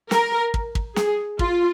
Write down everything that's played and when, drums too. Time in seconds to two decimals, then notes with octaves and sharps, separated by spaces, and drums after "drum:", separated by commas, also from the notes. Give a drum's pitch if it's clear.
0.11 A#4, drum: snare
0.54 drum: kick
0.75 drum: kick
0.96 G#4, drum: snare
1.39 F4, drum: kick